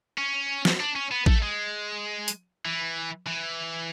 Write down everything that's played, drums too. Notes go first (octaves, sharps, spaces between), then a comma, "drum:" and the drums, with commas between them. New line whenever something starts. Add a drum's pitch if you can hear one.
C#4
drum: snare
D4
C#4
B3
A3, drum: kick A1
G#3
drum: hi-hat
E3
E3